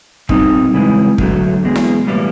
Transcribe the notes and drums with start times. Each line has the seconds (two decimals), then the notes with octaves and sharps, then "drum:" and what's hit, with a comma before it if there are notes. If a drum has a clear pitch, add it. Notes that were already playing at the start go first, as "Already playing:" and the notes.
0.29 A#2 G3 C4 D#4, drum: kick
0.74 C#3 E3 G#3 C4
1.18 F#2 D3 F#3 A3, drum: kick
1.63 E2 B2 G#3
1.76 drum: snare E4
2.07 A2 E3 G3 A#3